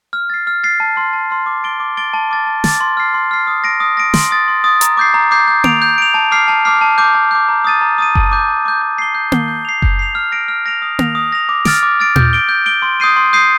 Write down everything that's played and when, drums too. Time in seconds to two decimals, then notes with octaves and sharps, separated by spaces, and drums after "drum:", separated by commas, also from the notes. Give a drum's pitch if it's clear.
0.13 F6
0.30 A6 C7
0.47 F6
0.64 A6 C7
0.80 A5
0.96 C6 F6
1.13 A5
1.30 C6 F6
1.46 D6
1.64 A6 D7 G7
1.80 D6
1.97 A6 D7 G7
2.13 A5
2.31 D6 F6 A6
2.46 A5
2.64 D6 F6 A6, drum: snare
2.81 C6
2.97 F6 C7
3.14 C6
3.31 F6 C7
3.47 D#6
3.64 A#6 D7
3.80 D#6
3.97 A#6 D7
4.14 C6, drum: snare
4.31 D#6 A6
4.48 C6
4.64 D#6 A6
4.81 A#5, drum: hi-hat
4.97 D6 G6 C7
5.14 A#5
5.31 D6 G6 C7
5.47 G6
5.64 D7 F7, drum: tom A#3
5.82 G6
5.98 D7 F7
6.14 A5
6.31 D6 F6 C7
6.48 A5
6.65 D6 F6 C7
6.81 A5
6.98 D6 G6
7.15 A5
7.31 D6 G6
7.49 A#5
7.65 D#6 A6 D#7
7.81 A#5
7.98 D#6 A6 D#7
8.15 A5, drum: kick F#1
8.31 D6 G6
8.48 A5
8.65 D6 G6
8.82 G6
8.98 C7 G7
9.15 G6
9.32 C7 G7, drum: tom A#3
9.48 G6
9.65 C7 F7
9.82 G6, drum: kick F#1
9.99 C7 F7
10.15 F6
10.32 A#6 D7 F7
10.48 F6
10.66 A#6 D7 F7
10.82 D#6
10.99 A#6 F7, drum: tom A#3
11.15 D#6
11.32 A#6 F7
11.49 D6
11.65 F6 A6 D7, drum: snare
11.83 D6
12.00 F6 A6 D7
12.16 G6, drum: tom
12.33 D7 G7
12.49 G6
12.66 D7 G7
12.82 C6
13.00 D#6 G6 C7 D#7
13.16 C6
13.33 D#6 G6 C7 D#7